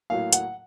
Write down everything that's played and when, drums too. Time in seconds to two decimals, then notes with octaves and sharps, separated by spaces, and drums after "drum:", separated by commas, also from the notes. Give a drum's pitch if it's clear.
0.10 A2 F#3 A#3 F5
0.33 F#5, drum: hi-hat